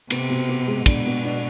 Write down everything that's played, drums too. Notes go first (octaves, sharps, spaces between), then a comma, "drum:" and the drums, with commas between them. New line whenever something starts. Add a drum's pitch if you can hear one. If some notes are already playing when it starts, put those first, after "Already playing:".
C3 B3, drum: cymbal
B2
B3
G#3
B2 D4, drum: kick, cymbal
B3
D4